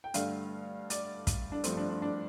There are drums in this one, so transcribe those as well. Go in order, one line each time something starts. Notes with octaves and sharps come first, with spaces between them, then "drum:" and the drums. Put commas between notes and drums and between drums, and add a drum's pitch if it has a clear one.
G5
G2 D3 A3 F5, drum: hi-hat
D5, drum: hi-hat
drum: kick, hi-hat
D4
G2 F3 A3 C4, drum: hi-hat
D4
D4
D4